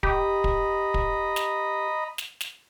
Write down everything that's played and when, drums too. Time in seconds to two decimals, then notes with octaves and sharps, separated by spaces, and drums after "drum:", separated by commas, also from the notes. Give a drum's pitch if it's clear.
0.03 G4 D#5 A#5 B5, drum: kick
0.44 drum: kick
0.94 drum: kick
1.36 drum: snare
2.18 drum: snare
2.41 drum: snare